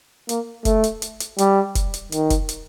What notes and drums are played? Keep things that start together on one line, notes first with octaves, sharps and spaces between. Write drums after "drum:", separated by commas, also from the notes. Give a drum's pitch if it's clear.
A#3, drum: hi-hat
A3, drum: kick, hi-hat
drum: hi-hat
drum: hi-hat
drum: hi-hat
G3, drum: hi-hat
drum: kick, hi-hat
drum: hi-hat
D#3, drum: hi-hat
drum: kick, hi-hat
drum: hi-hat